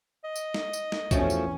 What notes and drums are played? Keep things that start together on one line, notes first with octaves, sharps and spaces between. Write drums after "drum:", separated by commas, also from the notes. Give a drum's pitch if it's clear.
D#5
drum: tambourine
drum: snare
drum: tambourine
drum: snare
E2 F3 A3 C#4 F#4, drum: kick B1, tambourine
drum: tambourine